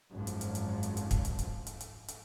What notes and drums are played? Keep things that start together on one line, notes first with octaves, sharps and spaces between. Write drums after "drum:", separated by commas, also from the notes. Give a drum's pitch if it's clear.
G#1 F#2 F3
drum: hi-hat
drum: hi-hat
drum: hi-hat
drum: hi-hat
drum: hi-hat
drum: kick, hi-hat
drum: hi-hat
drum: hi-hat
drum: hi-hat
drum: hi-hat
drum: hi-hat